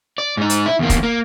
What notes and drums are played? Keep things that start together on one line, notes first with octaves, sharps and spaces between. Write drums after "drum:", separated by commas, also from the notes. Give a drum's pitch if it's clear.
D5
G#2 D#4
drum: hi-hat
E4
E2 A#3
drum: kick, hi-hat
A#3